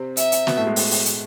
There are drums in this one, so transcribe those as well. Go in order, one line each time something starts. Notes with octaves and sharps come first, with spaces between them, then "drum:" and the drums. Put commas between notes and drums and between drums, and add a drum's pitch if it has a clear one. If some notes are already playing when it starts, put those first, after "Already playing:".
Already playing: C3 C4
E5, drum: hi-hat
drum: hi-hat
B2 B3, drum: snare
A2 A3
G#3
drum: open hi-hat
drum: open hi-hat
drum: hi-hat